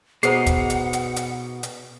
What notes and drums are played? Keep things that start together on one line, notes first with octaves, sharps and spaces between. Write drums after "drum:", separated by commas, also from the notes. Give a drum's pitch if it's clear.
B2 D#4 G#4 C5 F#5 C7, drum: hi-hat
drum: kick, hi-hat
drum: hi-hat
drum: hi-hat
drum: hi-hat
drum: hi-hat